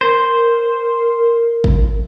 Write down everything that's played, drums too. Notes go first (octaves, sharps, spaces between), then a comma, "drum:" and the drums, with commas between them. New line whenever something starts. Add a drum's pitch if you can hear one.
A#4 C5
drum: kick